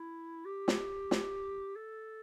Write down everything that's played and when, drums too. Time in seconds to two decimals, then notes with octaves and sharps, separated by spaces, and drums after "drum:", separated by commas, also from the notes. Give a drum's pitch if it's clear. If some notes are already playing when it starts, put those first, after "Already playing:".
Already playing: E4
0.45 G4
0.68 drum: snare
1.11 drum: snare
1.76 A4